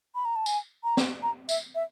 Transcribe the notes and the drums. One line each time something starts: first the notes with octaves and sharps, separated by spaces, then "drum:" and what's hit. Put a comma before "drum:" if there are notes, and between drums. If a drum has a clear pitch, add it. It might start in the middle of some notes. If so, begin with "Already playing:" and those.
B5
A#5
A5
G#5, drum: tambourine
A#5
drum: snare
A#5
E5, drum: tambourine
E5